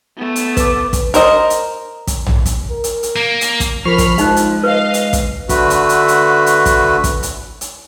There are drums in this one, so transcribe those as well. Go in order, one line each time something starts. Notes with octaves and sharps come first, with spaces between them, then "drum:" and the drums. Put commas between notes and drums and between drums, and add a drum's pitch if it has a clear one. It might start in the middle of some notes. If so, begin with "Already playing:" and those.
A3 B3
drum: hi-hat
B4 D6, drum: kick, hi-hat
drum: kick, hi-hat
A#4 C5 D#5, drum: hi-hat
drum: hi-hat
drum: kick, hi-hat
drum: tom A#1
drum: kick, hi-hat
A#4
drum: hi-hat
drum: hi-hat
A#3
drum: hi-hat
drum: kick, hi-hat
F3 A#4 B5 C#6 F6 C7
drum: kick, hi-hat
F3 G#3 D#4 F5 F#6, drum: hi-hat
drum: hi-hat
B4 D#5 F5
drum: hi-hat
drum: kick, hi-hat
D3 A3 F#4 B4, drum: kick, hi-hat
drum: hi-hat
drum: hi-hat
drum: hi-hat
drum: hi-hat
drum: kick, hi-hat
drum: kick, hi-hat
drum: hi-hat
drum: hi-hat